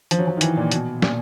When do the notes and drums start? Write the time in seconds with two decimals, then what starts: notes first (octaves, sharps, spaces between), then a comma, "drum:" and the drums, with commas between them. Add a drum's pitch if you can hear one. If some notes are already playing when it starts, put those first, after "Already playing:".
0.11 F3, drum: hi-hat
0.19 F#3
0.27 F3
0.37 D#3
0.41 E3, drum: hi-hat
0.57 A#2
0.72 B2, drum: hi-hat
1.02 A#2, drum: snare